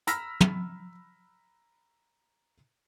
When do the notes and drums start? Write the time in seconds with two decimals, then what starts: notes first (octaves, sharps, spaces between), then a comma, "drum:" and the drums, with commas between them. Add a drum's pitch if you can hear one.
0.07 A#5 B5 E6 F6 A#6 B6, drum: hi-hat
0.41 drum: tom